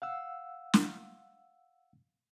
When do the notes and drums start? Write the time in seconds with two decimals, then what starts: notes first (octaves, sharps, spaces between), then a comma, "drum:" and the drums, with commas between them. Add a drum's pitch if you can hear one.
0.02 F5 F#5 E6
0.74 drum: snare